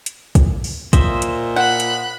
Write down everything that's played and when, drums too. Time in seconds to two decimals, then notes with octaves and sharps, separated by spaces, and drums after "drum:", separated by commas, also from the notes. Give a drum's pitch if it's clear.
0.06 drum: hi-hat
0.35 drum: kick, hi-hat
0.64 drum: open hi-hat
0.93 A#2 C5 D#5 E5, drum: kick, hi-hat
1.22 drum: hi-hat
1.56 F#5 B5 F#6
1.80 drum: hi-hat